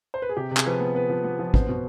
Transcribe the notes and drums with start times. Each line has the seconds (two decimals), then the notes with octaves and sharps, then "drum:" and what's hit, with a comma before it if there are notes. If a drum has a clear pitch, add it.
0.14 C5
0.22 B4
0.29 G#4
0.37 C3 G4
0.51 C3
0.57 G#4, drum: clap
0.66 F3 B4
0.80 B3
0.95 B3 B4
1.09 F3
1.24 B3
1.39 F3
1.54 B3 C5, drum: kick
1.69 B2